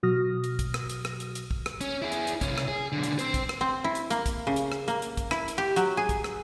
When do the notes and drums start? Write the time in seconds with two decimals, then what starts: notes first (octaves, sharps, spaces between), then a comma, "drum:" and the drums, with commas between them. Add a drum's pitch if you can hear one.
0.03 B2 F#3 F#4 D#6 F6 A#6
0.44 drum: hi-hat
0.59 drum: kick, hi-hat
0.74 drum: rim click
0.90 drum: hi-hat
1.05 drum: rim click
1.20 drum: hi-hat
1.35 drum: hi-hat
1.51 drum: kick
1.66 drum: rim click
1.81 C#4, drum: hi-hat
2.02 E4 G#4
2.12 drum: hi-hat
2.27 drum: hi-hat
2.41 C2 C#4, drum: kick, hi-hat
2.58 drum: rim click
2.68 G#4
2.92 B1 D3
3.03 drum: hi-hat
3.19 C4 C5, drum: hi-hat
3.34 drum: kick, hi-hat
3.49 drum: rim click
3.61 C4
3.84 E4
3.95 drum: hi-hat
4.10 A#3, drum: hi-hat
4.26 drum: kick, hi-hat
4.47 C#3
4.56 drum: hi-hat
4.72 drum: rim click
4.88 A#3, drum: hi-hat
5.02 drum: hi-hat
5.17 drum: kick, hi-hat
5.31 E4, drum: rim click
5.48 drum: hi-hat
5.58 G4
5.76 F#3, drum: hi-hat
5.97 G#4
6.09 drum: kick, hi-hat
6.24 drum: rim click